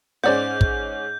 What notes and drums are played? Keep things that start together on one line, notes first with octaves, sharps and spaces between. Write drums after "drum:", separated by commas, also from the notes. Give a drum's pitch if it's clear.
G#2 C#4 C5 D5 F#5 G6
drum: kick